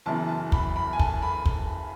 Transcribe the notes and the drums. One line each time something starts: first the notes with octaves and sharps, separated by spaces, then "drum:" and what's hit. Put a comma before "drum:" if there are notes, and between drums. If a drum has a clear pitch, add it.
F#1 F#2 E3 B3 A5
A5
B5, drum: kick
B5
G#5
A5, drum: kick
B5
drum: kick